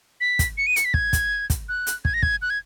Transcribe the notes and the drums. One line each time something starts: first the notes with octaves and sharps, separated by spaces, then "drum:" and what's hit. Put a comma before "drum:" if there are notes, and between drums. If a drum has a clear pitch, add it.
B6
drum: kick, hi-hat
C#7
D#7
C#7, drum: hi-hat
B6
G#6, drum: kick
drum: kick, hi-hat
drum: kick, hi-hat
F#6
drum: hi-hat
G#6, drum: kick
A#6
G#6, drum: kick
F#6
G#6